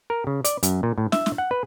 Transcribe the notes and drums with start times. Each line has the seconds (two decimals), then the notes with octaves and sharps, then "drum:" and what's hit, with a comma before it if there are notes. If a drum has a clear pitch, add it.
0.10 A#4
0.27 C#3
0.44 D5, drum: hi-hat
0.63 F#2, drum: hi-hat
0.83 A#2
0.98 A2
1.12 E5, drum: snare
1.26 drum: snare
1.38 F#5
1.51 B4